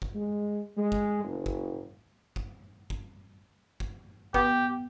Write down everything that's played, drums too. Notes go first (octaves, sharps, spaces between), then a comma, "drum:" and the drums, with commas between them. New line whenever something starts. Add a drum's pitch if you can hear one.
drum: kick
G#3
G#3
drum: kick
F#1
drum: kick
drum: kick
drum: kick
drum: kick
B3 G4, drum: kick